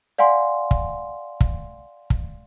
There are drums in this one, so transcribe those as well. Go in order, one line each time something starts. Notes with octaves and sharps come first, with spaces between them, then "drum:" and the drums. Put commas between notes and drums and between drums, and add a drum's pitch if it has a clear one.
D5 F5 F#5 G#5 C6
drum: kick
drum: kick
drum: kick